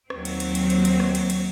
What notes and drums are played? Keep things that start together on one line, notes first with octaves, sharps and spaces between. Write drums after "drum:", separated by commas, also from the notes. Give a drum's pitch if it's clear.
D#2 F#3 C4, drum: rim click
drum: cymbal
drum: cymbal
drum: cymbal
drum: cymbal
drum: cymbal
drum: rim click
drum: cymbal
drum: cymbal